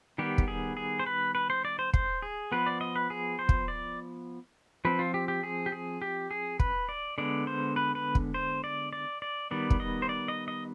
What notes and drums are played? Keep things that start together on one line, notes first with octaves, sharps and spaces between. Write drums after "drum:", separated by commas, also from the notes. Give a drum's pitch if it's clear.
D#3 G3 B3 G4
drum: kick
G#4
G#4
C5
B4
B4
C5
D5
C5
C5, drum: kick
G#4
F3 B3 B4
D5
D#5
B4
G#4
C5
drum: kick
D5
F3 C4 B4
F4
G4
G4
G#4
G4
G#4
G4
G#4
B4, drum: kick
D5
D3 G#3 B3 D5
C5
B4
B4
drum: kick
C5
D5
D5
D5
D#3 G3 B3 D5
drum: kick
D#5
C5
D5
D#5
D#5